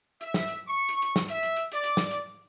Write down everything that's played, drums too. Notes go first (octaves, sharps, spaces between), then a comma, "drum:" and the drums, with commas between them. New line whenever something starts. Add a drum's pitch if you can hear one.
E5, drum: hi-hat
drum: snare
drum: hi-hat
C#6
drum: hi-hat
drum: hi-hat
drum: snare
E5, drum: hi-hat
drum: hi-hat
drum: hi-hat
D5, drum: hi-hat
drum: hi-hat
drum: snare
drum: hi-hat